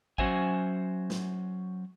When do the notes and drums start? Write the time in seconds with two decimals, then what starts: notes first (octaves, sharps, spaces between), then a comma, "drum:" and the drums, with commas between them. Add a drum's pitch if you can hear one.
0.18 F#3 C#4 F#4 C5 E5 G#5, drum: kick
1.10 drum: snare